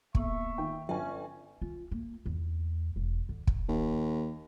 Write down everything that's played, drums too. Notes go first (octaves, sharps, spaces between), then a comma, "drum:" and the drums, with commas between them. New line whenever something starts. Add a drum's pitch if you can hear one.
A#3 B3 E5 C#6, drum: kick
D#3 G5
G1 C#4 E5 G5 G#5
F4
A#3
E2
E1
D3
drum: kick
D#2